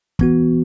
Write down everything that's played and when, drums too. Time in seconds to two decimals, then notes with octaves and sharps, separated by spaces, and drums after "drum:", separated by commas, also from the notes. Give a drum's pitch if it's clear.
0.19 E3 B3 F#4, drum: kick